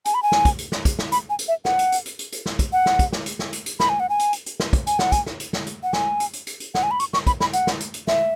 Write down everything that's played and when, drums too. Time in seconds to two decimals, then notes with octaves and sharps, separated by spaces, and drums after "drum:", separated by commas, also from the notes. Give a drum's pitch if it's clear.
0.05 G#5, drum: hi-hat
0.14 B5
0.23 G#5
0.32 drum: snare
0.45 drum: kick, hi-hat
0.59 drum: hi-hat
0.72 drum: snare
0.85 drum: kick, hi-hat
0.99 drum: snare
1.12 B5, drum: hi-hat
1.30 G#5
1.39 drum: hi-hat
1.48 E5
1.65 F#5, drum: snare
1.79 drum: hi-hat
1.92 drum: hi-hat
2.06 drum: hi-hat
2.19 drum: hi-hat
2.32 drum: hi-hat
2.46 drum: snare
2.59 drum: kick, hi-hat
2.73 F#5
2.86 drum: snare
2.99 drum: kick, hi-hat
3.13 drum: snare
3.26 drum: hi-hat
3.39 drum: snare
3.53 drum: hi-hat
3.66 drum: hi-hat
3.80 B5, drum: snare
3.89 G#5
4.00 F#5
4.09 G#5
4.19 drum: hi-hat
4.33 drum: hi-hat
4.46 drum: hi-hat
4.60 drum: snare
4.73 drum: kick, hi-hat
4.87 G#5, drum: hi-hat
4.99 F#5, drum: snare
5.12 G#5, drum: kick, hi-hat
5.26 drum: snare
5.40 drum: hi-hat
5.53 drum: snare
5.67 drum: hi-hat
5.83 F#5
5.93 G#5, drum: snare
6.20 drum: hi-hat
6.33 drum: hi-hat
6.47 drum: hi-hat
6.60 drum: hi-hat
6.75 F#5, drum: snare
6.83 G#5
6.91 B5
7.00 C#6, drum: hi-hat
7.13 C#6, drum: snare
7.27 B5, drum: kick, hi-hat
7.40 B5, drum: snare
7.53 F#5, drum: hi-hat
7.67 drum: snare
7.80 drum: hi-hat
7.94 drum: hi-hat
8.07 E5, drum: snare